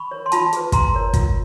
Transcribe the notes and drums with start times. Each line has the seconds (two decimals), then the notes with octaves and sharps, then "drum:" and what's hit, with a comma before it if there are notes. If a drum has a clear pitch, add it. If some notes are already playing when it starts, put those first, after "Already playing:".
Already playing: B5 C#6
0.11 A#4 C#5
0.26 C6
0.32 F4 A5 B5, drum: hi-hat
0.53 G#4 B4, drum: hi-hat
0.72 F4 A#5 C6, drum: kick, hi-hat
0.94 A#4 C#5
1.13 F4, drum: kick, hi-hat